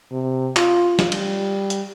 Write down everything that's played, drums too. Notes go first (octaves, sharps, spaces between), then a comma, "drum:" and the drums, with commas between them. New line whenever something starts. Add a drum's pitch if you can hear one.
C3
F4, drum: clap
drum: snare
G3, drum: cymbal
drum: hi-hat